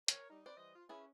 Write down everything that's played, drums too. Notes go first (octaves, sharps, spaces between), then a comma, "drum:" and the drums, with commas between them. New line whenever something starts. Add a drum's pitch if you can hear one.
A#4 C#5, drum: hi-hat
G3 D#4
C4 B4 C5 D5
E3 G3 D#5
F4
C#4 E4 G#4 B4